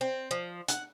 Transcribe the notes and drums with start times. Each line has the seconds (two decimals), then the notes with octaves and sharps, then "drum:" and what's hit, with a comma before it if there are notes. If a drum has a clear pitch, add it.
0.01 C4
0.31 F3
0.68 F#5, drum: hi-hat